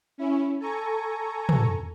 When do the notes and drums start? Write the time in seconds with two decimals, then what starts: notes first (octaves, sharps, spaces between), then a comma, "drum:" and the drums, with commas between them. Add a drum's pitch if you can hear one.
0.18 C#4 E4
0.60 A4 G#5 A#5 C#6
1.49 drum: tom